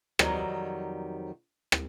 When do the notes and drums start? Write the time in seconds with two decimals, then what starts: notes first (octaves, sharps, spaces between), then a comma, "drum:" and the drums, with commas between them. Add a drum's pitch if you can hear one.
0.19 F2 D#3 F#3 G3, drum: rim click
1.72 drum: rim click